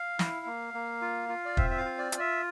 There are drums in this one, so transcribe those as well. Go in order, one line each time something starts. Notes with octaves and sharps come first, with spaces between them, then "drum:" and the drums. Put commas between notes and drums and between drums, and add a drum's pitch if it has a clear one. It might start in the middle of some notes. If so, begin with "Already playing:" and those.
Already playing: F5
E4, drum: snare
A#3
A#3
F4
F4
D5
C4 E5, drum: kick
E5
F5
F4
D5
F4, drum: hi-hat
E5